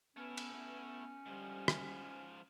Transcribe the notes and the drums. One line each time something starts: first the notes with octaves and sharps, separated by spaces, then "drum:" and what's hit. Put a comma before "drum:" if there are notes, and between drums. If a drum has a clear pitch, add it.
A3 B3 C#4 E4
drum: cymbal
B3
G#2 D3 F3 G3
drum: rim click